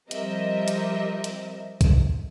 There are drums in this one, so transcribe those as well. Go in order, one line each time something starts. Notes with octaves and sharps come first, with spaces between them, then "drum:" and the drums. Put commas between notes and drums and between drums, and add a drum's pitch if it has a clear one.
F3 G3 C4 A#4 D#5 E5, drum: hi-hat
drum: hi-hat
drum: hi-hat
drum: kick C2, hi-hat